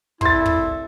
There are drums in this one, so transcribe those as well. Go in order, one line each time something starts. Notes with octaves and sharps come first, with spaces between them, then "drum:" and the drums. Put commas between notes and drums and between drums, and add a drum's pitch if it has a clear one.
C2 A3 E4 E5 C6 A6, drum: kick
drum: kick